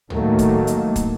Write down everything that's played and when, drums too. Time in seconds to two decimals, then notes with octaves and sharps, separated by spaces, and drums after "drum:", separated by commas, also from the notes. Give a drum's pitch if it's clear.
0.10 A2 D#3 F#3 A3 A#3, drum: tom
0.39 drum: kick, hi-hat
0.67 drum: hi-hat
0.96 drum: kick, hi-hat